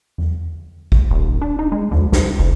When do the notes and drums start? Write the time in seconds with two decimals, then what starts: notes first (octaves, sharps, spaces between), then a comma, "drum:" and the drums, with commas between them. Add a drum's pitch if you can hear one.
0.18 drum: tom E2
0.92 drum: kick G#1
1.11 D#1
1.41 D4
1.59 D#4
1.72 G#3
1.91 D2, drum: tom E2
2.12 C2, drum: snare
2.38 F1